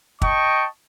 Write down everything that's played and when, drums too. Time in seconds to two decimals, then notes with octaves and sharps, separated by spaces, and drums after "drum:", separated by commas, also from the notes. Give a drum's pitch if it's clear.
0.22 D#5 G5 A5 C#6, drum: kick